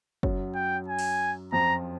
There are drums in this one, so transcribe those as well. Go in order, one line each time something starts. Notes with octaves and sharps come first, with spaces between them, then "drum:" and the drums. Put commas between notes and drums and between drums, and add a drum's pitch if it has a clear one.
F#2 F#3, drum: kick
G5
G#5
drum: open hi-hat
F2 F3 A#5